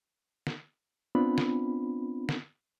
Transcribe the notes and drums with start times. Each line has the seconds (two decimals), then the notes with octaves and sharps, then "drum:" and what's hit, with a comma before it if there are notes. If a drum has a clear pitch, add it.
0.47 drum: snare
1.15 B3 C4 D4 F4 B5
1.38 drum: snare
2.29 drum: snare